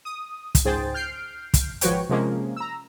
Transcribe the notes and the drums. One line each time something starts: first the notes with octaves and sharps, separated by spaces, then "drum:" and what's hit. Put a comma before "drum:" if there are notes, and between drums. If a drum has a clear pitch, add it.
D#6
drum: kick, hi-hat
C#2 G#2 G#4 C5 G5 A6
F6 G6 C7 D7
drum: kick, hi-hat
G#1 F3 F#4 B4 C#5 G5, drum: hi-hat
C3 F3 G#3 A#3 C#4
A#5 E6